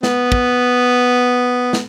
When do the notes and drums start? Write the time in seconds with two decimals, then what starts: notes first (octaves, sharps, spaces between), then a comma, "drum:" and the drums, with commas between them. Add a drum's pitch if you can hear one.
0.03 B3, drum: snare
0.32 drum: kick
1.73 drum: snare